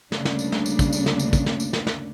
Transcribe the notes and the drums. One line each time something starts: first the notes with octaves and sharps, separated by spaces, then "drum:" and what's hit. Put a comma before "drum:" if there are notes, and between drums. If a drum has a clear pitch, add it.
D2 C#3 G3 A#3 D4, drum: snare
drum: snare
drum: tambourine
drum: snare
drum: tambourine
drum: kick, tambourine
drum: tambourine
drum: snare
drum: tambourine
drum: kick, tambourine
drum: snare
drum: tambourine
drum: snare
drum: snare